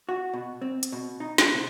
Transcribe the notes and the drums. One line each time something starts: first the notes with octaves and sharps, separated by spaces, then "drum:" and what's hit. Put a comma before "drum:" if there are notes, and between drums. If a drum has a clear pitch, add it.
F#4
B2
C4
drum: hi-hat
B2
D#4
B5, drum: snare
C3